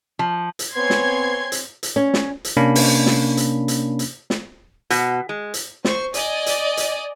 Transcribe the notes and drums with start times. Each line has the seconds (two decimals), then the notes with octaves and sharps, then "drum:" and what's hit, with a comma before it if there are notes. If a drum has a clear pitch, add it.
0.19 F3
0.59 drum: hi-hat
0.76 B3 C4 C#5 G#5 C6 G#6
0.90 drum: snare
1.52 drum: hi-hat
1.83 drum: hi-hat
1.96 C#4
2.14 drum: snare
2.45 drum: hi-hat
2.57 C3 A#3 C#4 D4 B5
2.75 drum: open hi-hat
3.06 drum: snare
3.37 drum: hi-hat
3.68 drum: hi-hat
3.99 drum: hi-hat
4.30 drum: snare
4.90 B2, drum: hi-hat
5.29 G#3
5.54 drum: hi-hat
5.85 C5 C#6, drum: snare
6.14 D5 D#5 G#5 D#6, drum: hi-hat
6.46 drum: hi-hat
6.77 drum: hi-hat